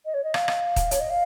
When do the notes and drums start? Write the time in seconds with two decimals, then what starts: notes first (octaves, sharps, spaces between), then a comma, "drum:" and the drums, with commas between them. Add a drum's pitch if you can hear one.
0.06 D#5
0.14 C#5
0.24 D#5
0.34 F5, drum: rim click
0.48 drum: rim click
0.76 drum: kick, hi-hat
0.91 C#5, drum: hi-hat
1.00 D#5
1.10 F5